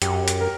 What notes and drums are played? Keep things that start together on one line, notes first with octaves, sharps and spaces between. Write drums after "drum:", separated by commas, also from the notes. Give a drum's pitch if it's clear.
F#2 G4, drum: hi-hat
drum: hi-hat
A#4